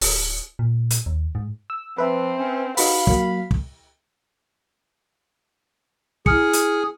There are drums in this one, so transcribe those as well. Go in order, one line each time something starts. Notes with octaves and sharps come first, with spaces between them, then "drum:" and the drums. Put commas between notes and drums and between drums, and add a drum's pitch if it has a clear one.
D1, drum: open hi-hat
A#2
drum: hi-hat
D#2
G#2
E6
F3 C4 B4 E5
C#4
D#4 F#4 B4 F5 B5, drum: open hi-hat
F#3 A#3, drum: kick
drum: kick
E4 G#4 F6 C#7, drum: kick
drum: hi-hat